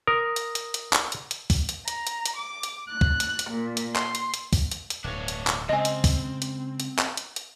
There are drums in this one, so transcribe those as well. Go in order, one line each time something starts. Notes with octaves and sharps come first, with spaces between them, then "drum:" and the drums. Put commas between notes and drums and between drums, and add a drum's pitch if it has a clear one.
A#4 D#6
drum: hi-hat
drum: hi-hat
drum: hi-hat
drum: clap
drum: hi-hat
drum: hi-hat
drum: kick, open hi-hat
drum: hi-hat
A#5, drum: hi-hat
drum: hi-hat
drum: hi-hat
D6
drum: hi-hat
F#6
drum: kick
drum: hi-hat
drum: hi-hat
A#2
drum: hi-hat
C6, drum: clap
drum: hi-hat
drum: hi-hat
drum: kick, open hi-hat
drum: hi-hat
drum: hi-hat
D1 G2 D4 C#5
drum: hi-hat
drum: clap
C#3 G#3 C4 D#5 G#5
drum: hi-hat
drum: kick, open hi-hat
drum: hi-hat
drum: hi-hat
drum: clap
drum: hi-hat
drum: hi-hat